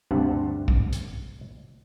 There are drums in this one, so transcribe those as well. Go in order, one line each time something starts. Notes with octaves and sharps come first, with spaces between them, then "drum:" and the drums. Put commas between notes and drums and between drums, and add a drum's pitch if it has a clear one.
D2 G2 C3 F#5 A5
drum: kick
drum: hi-hat